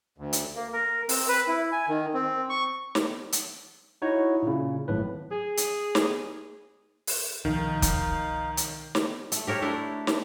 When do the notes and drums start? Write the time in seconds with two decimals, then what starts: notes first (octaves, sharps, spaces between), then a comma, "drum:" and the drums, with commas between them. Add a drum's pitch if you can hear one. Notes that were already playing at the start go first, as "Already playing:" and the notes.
0.18 D2
0.33 drum: hi-hat
0.56 A#3
0.73 A#4
1.09 C4, drum: open hi-hat
1.28 B4
1.48 E4
1.72 G#5
1.88 D#3
2.14 C4
2.50 C#6
2.95 drum: snare
3.32 drum: hi-hat
4.02 D#4 E4 F#4 C#5
4.43 A#2 C#3
4.88 G#1 A2 F#3 B4
5.31 G#4
5.57 drum: hi-hat
5.95 drum: snare
7.07 drum: open hi-hat
7.45 C2 B2 D#3 F3 D#4 F5
7.82 drum: kick, hi-hat
8.57 drum: hi-hat
8.95 drum: snare
9.32 A3, drum: hi-hat
9.47 G4 A#4 C#5 E5
9.62 A3 D4 E4
10.07 drum: snare